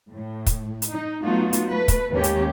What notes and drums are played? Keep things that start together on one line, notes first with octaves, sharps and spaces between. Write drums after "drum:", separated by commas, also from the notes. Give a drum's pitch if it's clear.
A2
drum: kick, hi-hat
drum: hi-hat
D#4
F#3 A3 B3 D#4 F4 F#4
drum: hi-hat
A3 B4
drum: kick, hi-hat
D#2 G#2 A#3 C#4 G4
drum: hi-hat